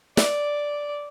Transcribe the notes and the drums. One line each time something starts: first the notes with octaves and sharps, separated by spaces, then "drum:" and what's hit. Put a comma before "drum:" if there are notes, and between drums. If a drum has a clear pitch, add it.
D5, drum: snare